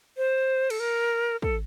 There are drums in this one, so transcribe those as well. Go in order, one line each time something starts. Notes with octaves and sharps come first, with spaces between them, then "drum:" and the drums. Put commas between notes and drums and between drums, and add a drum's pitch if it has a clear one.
C5
A4, drum: cymbal
A#4
A4, drum: kick